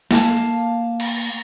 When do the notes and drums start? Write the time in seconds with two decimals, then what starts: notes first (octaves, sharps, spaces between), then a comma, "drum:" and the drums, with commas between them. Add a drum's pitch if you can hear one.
0.11 A#3 F5 A5, drum: snare
1.00 drum: cymbal